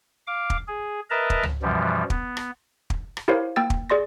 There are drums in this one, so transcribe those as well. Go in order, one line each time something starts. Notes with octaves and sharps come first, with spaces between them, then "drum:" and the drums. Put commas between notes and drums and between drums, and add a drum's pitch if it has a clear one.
F5 D6
drum: kick
G#4
A#4 B4 D#5 E5 A5 A#5
drum: kick
drum: tom C#2
F#2 B2 E3 F3 G3
B3, drum: kick
drum: rim click
drum: kick
drum: rim click
E4 G4 A#4 C5 C#5 F5
A#3 G5 E6 A6
drum: kick
G#4 D5 C6 A#6